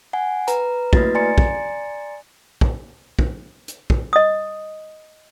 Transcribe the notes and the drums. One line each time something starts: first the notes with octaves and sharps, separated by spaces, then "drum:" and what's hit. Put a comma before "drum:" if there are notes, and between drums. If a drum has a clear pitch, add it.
F#5 G#5
B4 A#5, drum: hi-hat
A3 A#3 E4 F#4 B4 A6, drum: kick
D5 G#5 A#5 C6 A6 C#7
drum: kick
drum: kick
drum: kick
drum: hi-hat
drum: kick
D#5 D#6